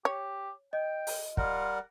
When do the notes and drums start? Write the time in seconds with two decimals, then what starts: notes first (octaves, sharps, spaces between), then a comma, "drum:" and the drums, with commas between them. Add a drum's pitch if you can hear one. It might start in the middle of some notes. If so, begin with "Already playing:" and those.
0.05 G4 C#5
0.73 D#5 G5
1.07 drum: open hi-hat
1.37 G3 F4 A#4 F#5, drum: kick